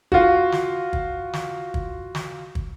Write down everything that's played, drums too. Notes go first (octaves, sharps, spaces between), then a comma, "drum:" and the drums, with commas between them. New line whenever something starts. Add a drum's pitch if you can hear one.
F4 F#4, drum: kick
drum: snare
drum: kick
drum: snare
drum: kick
drum: snare
drum: kick